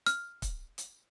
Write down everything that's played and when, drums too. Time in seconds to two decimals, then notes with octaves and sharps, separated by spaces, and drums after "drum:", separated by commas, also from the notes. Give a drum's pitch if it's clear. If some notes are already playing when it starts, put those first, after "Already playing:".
0.07 F6, drum: hi-hat
0.42 drum: kick, hi-hat
0.78 drum: hi-hat